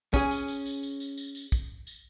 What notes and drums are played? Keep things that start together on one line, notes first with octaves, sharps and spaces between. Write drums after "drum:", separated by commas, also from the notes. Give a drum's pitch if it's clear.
C#4 G#4, drum: kick, tambourine
drum: tambourine
drum: tambourine
drum: tambourine
drum: tambourine
drum: tambourine
drum: tambourine
drum: tambourine
drum: kick, tambourine
drum: tambourine